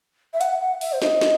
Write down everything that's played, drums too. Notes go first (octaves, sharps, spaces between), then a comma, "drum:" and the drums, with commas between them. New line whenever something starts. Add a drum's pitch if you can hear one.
E5
F#5, drum: hi-hat
F#5
E5, drum: open hi-hat
C5
D#5, drum: snare
drum: snare